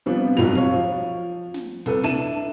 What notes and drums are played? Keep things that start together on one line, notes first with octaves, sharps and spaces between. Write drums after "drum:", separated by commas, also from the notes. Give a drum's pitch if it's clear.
C3 F3 G3 B3 D4
F1 C2 G#2 F#3 G3 F7
C#5 F5, drum: hi-hat
F3
drum: snare
C2 A4 B4, drum: open hi-hat
D4 E4 A5 D#7 E7, drum: snare